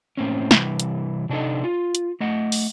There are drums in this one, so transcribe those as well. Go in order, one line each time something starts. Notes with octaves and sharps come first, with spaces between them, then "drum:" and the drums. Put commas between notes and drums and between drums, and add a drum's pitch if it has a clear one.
A2 A#3 C4 C#4
C3 E3 G3, drum: snare
drum: hi-hat
C3 D4 D#4 G4 A4 D#5
F4
drum: hi-hat
A3 D#5 F#5
drum: open hi-hat